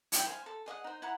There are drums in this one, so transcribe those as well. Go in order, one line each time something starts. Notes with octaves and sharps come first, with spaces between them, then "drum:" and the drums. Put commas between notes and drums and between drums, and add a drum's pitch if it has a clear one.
E4 G5, drum: hi-hat
C5 F5 G#5
A4
G#4 D#5 F5 F#5
D#4 C5
E4 F#5 A#5